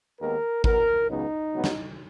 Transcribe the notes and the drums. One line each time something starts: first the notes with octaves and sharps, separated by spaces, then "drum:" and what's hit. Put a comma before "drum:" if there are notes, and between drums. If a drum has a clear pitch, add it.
D#2 D#3 G#3 B3 A#4
B2 F#3 B3 A#4, drum: kick G#1
C#2 C#3 F#3 B3 D#4
C#2 B2 F#3 B3
drum: snare